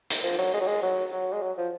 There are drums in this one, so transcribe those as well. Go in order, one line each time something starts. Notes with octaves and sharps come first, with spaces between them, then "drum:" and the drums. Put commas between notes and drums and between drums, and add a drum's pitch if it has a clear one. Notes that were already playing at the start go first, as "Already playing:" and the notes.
drum: hi-hat
F3
F#3
G#3
F#3
G#3
F#3
F#3
G#3
F#3
F3